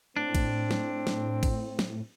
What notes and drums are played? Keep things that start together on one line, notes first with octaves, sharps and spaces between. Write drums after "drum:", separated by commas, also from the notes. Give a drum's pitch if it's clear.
A2 C4 D4
drum: kick, cymbal
drum: snare
drum: snare
drum: kick, cymbal
drum: snare